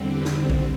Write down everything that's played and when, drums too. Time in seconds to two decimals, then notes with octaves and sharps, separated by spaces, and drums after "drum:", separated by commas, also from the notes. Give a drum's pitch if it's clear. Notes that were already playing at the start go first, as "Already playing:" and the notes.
Already playing: E2 D3 G3 C4
0.10 B4
0.25 drum: snare
0.38 C5
0.50 drum: kick A#1